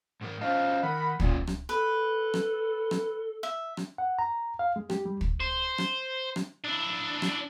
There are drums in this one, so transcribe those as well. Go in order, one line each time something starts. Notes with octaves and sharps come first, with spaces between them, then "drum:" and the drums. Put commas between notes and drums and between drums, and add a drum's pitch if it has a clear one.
G#2 G#3 A#4
C#4 F4 C5 D#5 F5 A5
D#3 A#4 F#5 B5
A#2 D3 A#3 C#4, drum: kick
drum: rim click
A4 B4
drum: rim click
drum: rim click
E5
drum: rim click
F#5
A#5
F5
G#3
G4, drum: rim click
G3
drum: kick
C5
drum: rim click
drum: rim click
D4 E4
drum: rim click